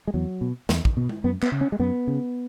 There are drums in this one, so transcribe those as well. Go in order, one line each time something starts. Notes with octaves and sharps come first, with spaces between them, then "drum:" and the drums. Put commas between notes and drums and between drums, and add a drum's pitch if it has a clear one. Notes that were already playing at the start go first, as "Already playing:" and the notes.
G#3
E2 F#3
B2
E2, drum: snare
drum: kick
B2
drum: tom G#3
F#2 B3
B3, drum: clap
C#3
C#4
G#3
F#2 B3
C#3